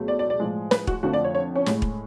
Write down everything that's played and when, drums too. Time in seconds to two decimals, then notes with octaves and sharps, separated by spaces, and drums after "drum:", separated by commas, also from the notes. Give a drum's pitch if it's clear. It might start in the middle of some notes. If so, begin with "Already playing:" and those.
Already playing: C#2 B2 F#3 A3
0.08 D5
0.19 D5
0.30 D5
0.40 A2 F3 G#3
0.71 B4, drum: snare
0.87 F#4, drum: kick
1.03 F2 D3 F3 A3 F#4
1.13 D5
1.24 C#5
1.35 C#5
1.55 C#4
1.66 A2 G#3, drum: snare
1.82 drum: kick